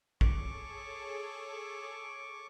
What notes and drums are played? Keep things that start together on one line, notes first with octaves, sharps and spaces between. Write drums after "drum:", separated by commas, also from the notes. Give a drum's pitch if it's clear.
G#4 A4 C#5 C#6 D6, drum: kick